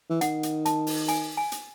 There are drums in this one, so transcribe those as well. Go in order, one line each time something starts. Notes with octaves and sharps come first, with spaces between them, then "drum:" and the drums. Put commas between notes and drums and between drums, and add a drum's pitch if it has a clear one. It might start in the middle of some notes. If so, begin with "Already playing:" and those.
E3
D#3 F#5, drum: hi-hat
drum: hi-hat
A5, drum: hi-hat
drum: open hi-hat
G#5, drum: hi-hat
G#5
drum: hi-hat